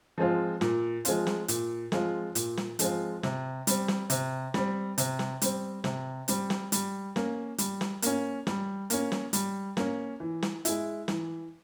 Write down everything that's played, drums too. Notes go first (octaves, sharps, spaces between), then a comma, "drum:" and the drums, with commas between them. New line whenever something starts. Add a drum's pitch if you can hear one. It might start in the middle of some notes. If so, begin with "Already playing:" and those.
F3 G#3 C4 F4
A#2, drum: snare
F3 G#3 C4 F4, drum: hi-hat
drum: snare
A#2, drum: hi-hat
F3 G#3 C4 F4, drum: snare
A#2, drum: hi-hat
drum: snare
F3 G#3 C4 F4, drum: hi-hat
C3, drum: snare
G3 C4, drum: hi-hat
drum: snare
C3, drum: hi-hat
G3 C4, drum: snare
C3, drum: hi-hat
drum: snare
G3 C4, drum: hi-hat
C3, drum: snare
G3 C4, drum: hi-hat
drum: snare
G3, drum: hi-hat
A#3 C#4, drum: snare
G3, drum: hi-hat
drum: snare
A#3 C#4, drum: hi-hat
G3, drum: snare
A#3 C#4, drum: hi-hat
drum: snare
G3, drum: hi-hat
A#3 C#4, drum: snare
E3
drum: snare
G#3 E4, drum: hi-hat
E3, drum: snare